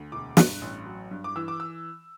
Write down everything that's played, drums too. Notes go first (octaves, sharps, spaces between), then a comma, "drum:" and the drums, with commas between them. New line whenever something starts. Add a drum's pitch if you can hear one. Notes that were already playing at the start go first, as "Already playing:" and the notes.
Already playing: D2
E1 D6
G2 F#6, drum: snare
A1
F#3
G2
D6
E3 E6
D6
E6